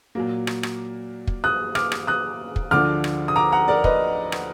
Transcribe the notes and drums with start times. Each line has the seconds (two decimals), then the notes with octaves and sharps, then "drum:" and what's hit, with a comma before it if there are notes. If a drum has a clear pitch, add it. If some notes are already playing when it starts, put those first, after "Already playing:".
0.15 A#2 F#3 A#3
0.47 drum: rim click
0.63 drum: rim click
1.27 drum: kick
1.44 D#6 F#6
1.75 D6 F6, drum: rim click
1.92 drum: rim click
2.07 D#6 F#6
2.56 drum: kick
2.71 D2 D3 F3 D6 F6
3.04 drum: rim click
3.28 D#6
3.36 A#5 D6
3.52 F#5 A#5
3.68 A#4 D5
3.84 B4 D#5, drum: kick
4.32 drum: rim click